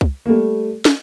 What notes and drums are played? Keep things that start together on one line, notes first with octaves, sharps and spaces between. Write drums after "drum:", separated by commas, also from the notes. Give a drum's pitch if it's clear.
drum: kick
A#3
G3 A3
drum: snare